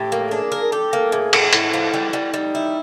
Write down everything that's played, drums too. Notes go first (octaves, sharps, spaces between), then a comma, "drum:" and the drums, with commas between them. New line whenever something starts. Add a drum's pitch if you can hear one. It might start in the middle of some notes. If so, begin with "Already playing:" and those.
Already playing: A2 G4
A#3
D4 G#4
A#4
G4 A4
A#3
A2 G#4
A2, drum: cymbal
A2 E4, drum: hi-hat
F3
G3
G3
G3 D#4
E4